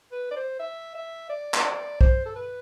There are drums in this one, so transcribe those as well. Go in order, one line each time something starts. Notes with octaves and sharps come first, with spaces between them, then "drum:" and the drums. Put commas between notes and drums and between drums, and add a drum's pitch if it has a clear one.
B4
D5
C5
E5
E5
D5
drum: clap
D5
C5, drum: kick
A4
B4